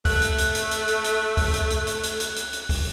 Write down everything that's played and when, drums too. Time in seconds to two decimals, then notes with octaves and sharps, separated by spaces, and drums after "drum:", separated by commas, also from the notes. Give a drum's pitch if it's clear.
0.05 A3 F#6, drum: kick C#2, open hi-hat
0.22 drum: hi-hat
0.38 drum: hi-hat
0.55 drum: hi-hat
0.71 drum: hi-hat
0.88 drum: hi-hat
1.04 drum: hi-hat
1.37 drum: kick C#2, open hi-hat
1.54 drum: hi-hat
1.70 drum: hi-hat
1.87 drum: hi-hat
2.03 drum: hi-hat
2.20 drum: hi-hat
2.36 drum: hi-hat
2.53 drum: hi-hat
2.69 drum: kick C#2, open hi-hat